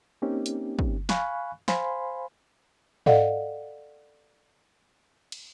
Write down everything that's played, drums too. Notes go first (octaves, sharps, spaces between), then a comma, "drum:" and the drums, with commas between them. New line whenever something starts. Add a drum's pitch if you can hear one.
A#3 C4 C#4 D#4 G4
drum: hi-hat
drum: kick
F5 G#5 B5 C#6 F#6, drum: snare
C5 F5 G#5 B5 C6, drum: snare
A4 D5 D#5 F5 F#5, drum: tom G#2
drum: cymbal